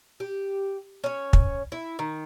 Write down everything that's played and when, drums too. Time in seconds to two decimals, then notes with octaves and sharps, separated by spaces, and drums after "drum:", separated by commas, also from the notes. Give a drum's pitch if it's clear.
0.20 G4
1.04 C#4 C#5
1.33 drum: kick
1.72 E4
1.99 D#3